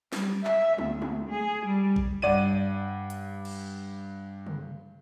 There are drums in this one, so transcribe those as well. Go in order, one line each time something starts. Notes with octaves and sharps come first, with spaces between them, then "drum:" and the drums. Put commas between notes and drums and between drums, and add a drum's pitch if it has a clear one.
G3, drum: snare
E5, drum: clap
D2, drum: tom
drum: tom
G#4
G3
drum: kick A1
G2 D5 F#5 D#7
drum: hi-hat
drum: cymbal
drum: tom